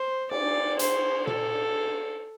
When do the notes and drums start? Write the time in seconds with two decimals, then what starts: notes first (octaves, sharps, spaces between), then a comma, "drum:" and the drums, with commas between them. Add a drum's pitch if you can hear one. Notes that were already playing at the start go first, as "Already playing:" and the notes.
Already playing: C5
0.31 D5, drum: cymbal
0.79 C5, drum: hi-hat
1.27 A4, drum: tom A#2